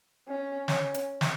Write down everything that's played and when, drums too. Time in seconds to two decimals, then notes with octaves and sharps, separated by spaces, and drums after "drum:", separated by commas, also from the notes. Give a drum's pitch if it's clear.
0.28 C#4
0.68 C#4, drum: snare
0.94 drum: hi-hat
1.21 drum: snare